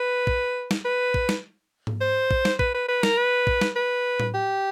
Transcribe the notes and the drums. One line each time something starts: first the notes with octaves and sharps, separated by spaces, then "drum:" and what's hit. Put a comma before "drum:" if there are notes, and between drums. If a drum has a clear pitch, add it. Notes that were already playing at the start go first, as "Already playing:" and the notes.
Already playing: B4
drum: kick A#1
drum: snare
B4
drum: kick A#1
drum: snare
drum: tom G#2
C5
drum: kick A#1
drum: snare
B4, drum: kick A#1
B4
B4
A#4, drum: snare
B4
drum: kick A#1
drum: snare
B4
drum: tom A2
G4